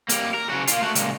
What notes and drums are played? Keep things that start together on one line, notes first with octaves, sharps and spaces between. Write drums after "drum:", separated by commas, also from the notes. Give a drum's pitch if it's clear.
G3 A#3, drum: hi-hat
A#4
C#3 F#4
A#3 F4, drum: hi-hat
A3 F#4
C#2 A#2, drum: hi-hat